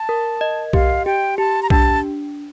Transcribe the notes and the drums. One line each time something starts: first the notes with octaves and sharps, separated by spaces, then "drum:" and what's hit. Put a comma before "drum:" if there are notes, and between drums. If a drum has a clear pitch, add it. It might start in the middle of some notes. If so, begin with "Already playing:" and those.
Already playing: A5
A#4
D#5
G4 F5, drum: kick B1
G4 G5
G4 A5
A#5
D4 A5, drum: kick B1